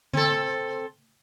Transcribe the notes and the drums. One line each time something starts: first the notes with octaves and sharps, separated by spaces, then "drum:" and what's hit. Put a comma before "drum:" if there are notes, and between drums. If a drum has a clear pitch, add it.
C4 A4, drum: tom D3